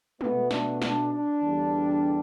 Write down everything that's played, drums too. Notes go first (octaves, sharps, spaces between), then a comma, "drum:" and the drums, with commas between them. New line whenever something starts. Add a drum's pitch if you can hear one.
B2 A3 B3, drum: tom
D4, drum: snare
D4, drum: snare
D4
E2 D3 G3